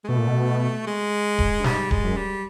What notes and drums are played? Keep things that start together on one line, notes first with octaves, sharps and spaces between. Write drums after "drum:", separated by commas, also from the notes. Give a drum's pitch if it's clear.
G#3
B2 A3
A#2
B2
G#3
drum: kick D1
G2
G#2 G3, drum: snare
G#3, drum: kick D1
F#2
G3